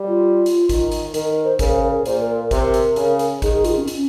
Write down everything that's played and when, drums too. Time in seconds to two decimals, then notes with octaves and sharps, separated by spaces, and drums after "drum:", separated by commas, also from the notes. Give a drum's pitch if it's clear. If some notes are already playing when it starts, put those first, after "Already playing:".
Already playing: G3
0.08 F4
0.46 drum: hi-hat
0.69 D#3, drum: kick G#1, hi-hat
0.92 drum: hi-hat
1.14 D#3 A#4, drum: hi-hat
1.29 A#4
1.44 C5
1.59 C#3 A#4, drum: kick G#1, hi-hat
1.72 C5
1.82 A#4
1.94 G#4
2.06 A#2 C5, drum: hi-hat
2.20 A#4
2.36 A#4
2.51 C3 A#4, drum: kick G#1, hi-hat
2.74 drum: hi-hat
2.96 C#3, drum: hi-hat
3.19 drum: hi-hat
3.42 D#3 G#4, drum: kick G#1, hi-hat
3.53 G#4
3.64 F4, drum: hi-hat
3.76 C#4
3.88 C#4, drum: hi-hat